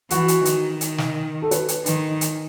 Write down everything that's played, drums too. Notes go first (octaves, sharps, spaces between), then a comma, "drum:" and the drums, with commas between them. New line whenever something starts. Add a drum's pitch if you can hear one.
E3 F#4, drum: hi-hat
drum: hi-hat
D#3, drum: hi-hat
drum: hi-hat
drum: snare
A4
B4, drum: hi-hat
drum: hi-hat
D#3, drum: hi-hat
drum: hi-hat